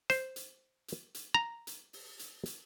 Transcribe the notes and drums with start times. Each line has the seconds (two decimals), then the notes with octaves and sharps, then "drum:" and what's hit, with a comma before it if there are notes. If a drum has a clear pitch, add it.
0.10 C5, drum: hi-hat
0.36 drum: hi-hat
0.88 drum: hi-hat
1.15 drum: hi-hat
1.34 A#5
1.67 drum: hi-hat
1.93 drum: open hi-hat
2.19 drum: hi-hat
2.46 drum: hi-hat